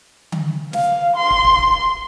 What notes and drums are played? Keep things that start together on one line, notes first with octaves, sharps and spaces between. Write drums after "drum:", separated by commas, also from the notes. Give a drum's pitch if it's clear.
drum: tom D3
F5, drum: snare
C6
drum: kick
drum: kick
drum: kick